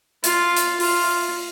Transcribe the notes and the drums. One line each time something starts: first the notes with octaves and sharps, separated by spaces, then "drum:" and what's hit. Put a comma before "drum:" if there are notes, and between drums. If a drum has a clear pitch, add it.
F4, drum: hi-hat
drum: hi-hat
F4, drum: open hi-hat